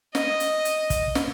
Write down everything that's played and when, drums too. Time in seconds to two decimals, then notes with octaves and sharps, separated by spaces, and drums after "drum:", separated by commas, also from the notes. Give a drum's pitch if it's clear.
0.15 D#5, drum: snare
0.40 drum: hi-hat
0.65 drum: hi-hat
0.90 drum: kick, hi-hat
1.15 drum: snare